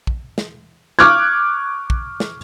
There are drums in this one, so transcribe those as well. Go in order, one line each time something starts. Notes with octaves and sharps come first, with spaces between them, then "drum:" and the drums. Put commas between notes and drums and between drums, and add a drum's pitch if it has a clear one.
drum: kick
drum: snare
C#6 D6 F6 F#6 G#6
drum: kick
drum: snare